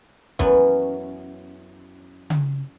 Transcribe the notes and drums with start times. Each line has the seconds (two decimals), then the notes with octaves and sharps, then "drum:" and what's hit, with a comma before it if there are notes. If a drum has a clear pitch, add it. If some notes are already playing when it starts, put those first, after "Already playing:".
0.39 F#2 E3 F#3 B3 C#4, drum: kick
2.30 drum: tom C#3